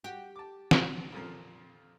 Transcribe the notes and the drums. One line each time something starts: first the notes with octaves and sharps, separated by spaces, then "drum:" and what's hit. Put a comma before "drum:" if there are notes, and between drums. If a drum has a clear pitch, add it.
F#4 G4
A5 D6
drum: snare
F2 A#2 F3